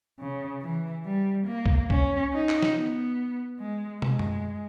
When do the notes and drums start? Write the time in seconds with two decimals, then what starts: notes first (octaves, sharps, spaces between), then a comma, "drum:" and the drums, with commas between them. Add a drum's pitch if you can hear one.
0.20 C#3
0.62 E3
1.05 G3
1.47 A#3
1.66 drum: kick
1.90 C#4, drum: kick
2.33 D#4
2.49 drum: clap
2.62 drum: snare
2.75 B3
3.60 G#3
4.02 G#3, drum: tom
4.19 drum: tom F#2